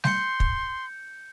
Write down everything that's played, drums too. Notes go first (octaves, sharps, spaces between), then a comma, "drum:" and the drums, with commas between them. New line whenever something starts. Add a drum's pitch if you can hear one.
C6 G6 C#7, drum: snare G3
drum: kick